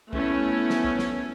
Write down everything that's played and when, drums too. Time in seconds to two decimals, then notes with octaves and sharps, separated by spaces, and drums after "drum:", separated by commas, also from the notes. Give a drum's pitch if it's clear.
0.13 A3 B3 C#4 E4, drum: kick
0.70 drum: snare
0.84 drum: kick
0.99 drum: snare